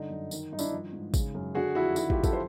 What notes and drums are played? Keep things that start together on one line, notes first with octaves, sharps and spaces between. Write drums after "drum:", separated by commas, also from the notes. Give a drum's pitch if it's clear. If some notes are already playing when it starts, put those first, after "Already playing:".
Already playing: G2 D3 D#4
F#2
D#3, drum: tambourine
G2 D#4
D4 E4, drum: tambourine
F3
G#2
C#3, drum: kick, tambourine
F#2
D3 F#4 G#4
F2 E4 F#4
D#3 E4 F#4, drum: tambourine
F4 G4, drum: kick
F#2
G4 A4, drum: kick, tambourine
C5